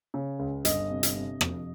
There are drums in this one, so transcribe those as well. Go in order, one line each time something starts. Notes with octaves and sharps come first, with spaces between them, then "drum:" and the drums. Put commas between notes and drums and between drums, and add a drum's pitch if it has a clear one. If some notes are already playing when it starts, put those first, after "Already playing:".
C#3
C#2
G1 D#5, drum: hi-hat
C3
drum: hi-hat
C3
F2, drum: rim click